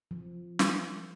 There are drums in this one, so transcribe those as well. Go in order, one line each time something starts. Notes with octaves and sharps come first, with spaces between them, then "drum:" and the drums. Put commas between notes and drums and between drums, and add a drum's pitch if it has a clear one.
F3
drum: snare